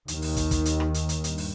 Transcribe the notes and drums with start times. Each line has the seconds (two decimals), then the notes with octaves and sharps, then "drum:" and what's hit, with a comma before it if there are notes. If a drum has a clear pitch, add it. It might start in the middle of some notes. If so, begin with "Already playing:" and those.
0.08 D#2 D#3, drum: hi-hat
0.22 drum: open hi-hat
0.37 drum: kick, hi-hat
0.51 drum: kick, hi-hat
0.65 drum: hi-hat
0.80 drum: rim click
0.94 drum: hi-hat
1.09 drum: hi-hat
1.24 G2, drum: hi-hat
1.38 drum: open hi-hat